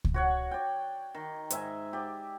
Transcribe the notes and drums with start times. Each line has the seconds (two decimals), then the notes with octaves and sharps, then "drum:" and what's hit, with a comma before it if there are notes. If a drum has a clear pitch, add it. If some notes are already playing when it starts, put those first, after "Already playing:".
0.04 drum: kick C#2
0.14 F#4 C#5 F#5
0.51 D5 G5
1.15 D#3
1.50 G#2 E5 G#5, drum: hi-hat
1.93 G4 D5